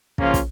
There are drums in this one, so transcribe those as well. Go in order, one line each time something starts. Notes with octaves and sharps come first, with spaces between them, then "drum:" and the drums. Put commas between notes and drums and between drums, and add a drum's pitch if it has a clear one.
C#3 F3 A#3 C#4 F4, drum: kick
drum: kick, hi-hat